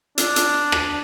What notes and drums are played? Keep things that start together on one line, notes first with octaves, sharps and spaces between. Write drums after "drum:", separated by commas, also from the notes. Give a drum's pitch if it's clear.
D4, drum: hi-hat
drum: hi-hat
drum: rim click